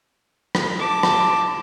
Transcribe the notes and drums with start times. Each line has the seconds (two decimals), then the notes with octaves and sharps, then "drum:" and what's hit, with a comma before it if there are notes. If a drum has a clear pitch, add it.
0.55 drum: rim click
0.79 A5 D6
1.03 drum: rim click